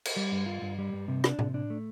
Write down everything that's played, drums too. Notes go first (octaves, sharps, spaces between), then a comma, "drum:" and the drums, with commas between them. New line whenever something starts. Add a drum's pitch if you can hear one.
drum: cymbal
G3
G2
F4
G2
G3
G2
C3
D4, drum: rim click
C3, drum: tom A2
D4
A3